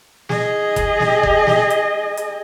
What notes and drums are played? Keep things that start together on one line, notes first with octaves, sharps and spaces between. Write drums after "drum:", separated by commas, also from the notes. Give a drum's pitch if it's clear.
G#4 D#5, drum: snare
drum: kick F#1, hi-hat
drum: snare
drum: kick F#1
drum: snare
drum: hi-hat
drum: hi-hat